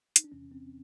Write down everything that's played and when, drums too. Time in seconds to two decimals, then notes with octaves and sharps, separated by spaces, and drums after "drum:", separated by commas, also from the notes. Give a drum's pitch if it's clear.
0.16 D#4, drum: hi-hat
0.24 D4
0.32 E2 C3 E3 C#4
0.52 C4